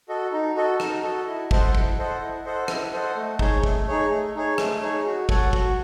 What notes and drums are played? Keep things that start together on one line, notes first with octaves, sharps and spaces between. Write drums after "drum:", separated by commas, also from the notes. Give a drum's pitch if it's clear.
F#4 A4 D#5
D#4
F#4 A4 D#5
D#4, drum: rim click
F#4 A4 D#5
E4
A4 C5 D#5 F#5, drum: kick
E4, drum: kick
A4 C5 D#5 F#5
E4
A4 C5 D#5 F#5
E4, drum: rim click
A4 C5 D#5 F#5
A3
D#4 G#4 C#5, drum: kick
A3, drum: kick
D#4 G#4 C#5
A3
D#4 G#4 C#5
A3, drum: rim click
D#4 G#4 C#5
F#4
A4 C#5 F#5, drum: kick
F#4, drum: kick